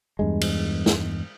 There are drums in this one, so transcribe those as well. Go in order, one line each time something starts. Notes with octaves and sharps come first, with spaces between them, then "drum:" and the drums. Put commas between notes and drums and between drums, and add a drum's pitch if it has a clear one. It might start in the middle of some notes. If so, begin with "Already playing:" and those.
E2 G2 G#3
drum: cymbal
drum: snare